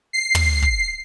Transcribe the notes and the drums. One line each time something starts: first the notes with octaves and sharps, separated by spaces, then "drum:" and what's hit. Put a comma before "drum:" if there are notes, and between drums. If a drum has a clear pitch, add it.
C7
drum: tom
drum: kick